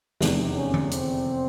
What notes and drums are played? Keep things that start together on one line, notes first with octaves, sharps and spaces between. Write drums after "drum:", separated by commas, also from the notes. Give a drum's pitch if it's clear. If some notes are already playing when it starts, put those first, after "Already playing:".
F1 E2 C3, drum: snare
C#4
drum: tom D3
C4, drum: hi-hat